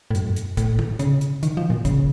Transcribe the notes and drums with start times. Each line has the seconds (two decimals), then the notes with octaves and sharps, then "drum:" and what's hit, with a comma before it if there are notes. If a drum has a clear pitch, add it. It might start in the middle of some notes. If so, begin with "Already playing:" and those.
0.11 A2
0.15 F#2, drum: hi-hat
0.36 drum: hi-hat
0.57 A2, drum: kick, hi-hat
0.79 drum: tom
0.99 C#3, drum: hi-hat
1.21 drum: hi-hat
1.43 D#3, drum: hi-hat
1.57 F3
1.70 A#2
1.85 C#3, drum: kick, hi-hat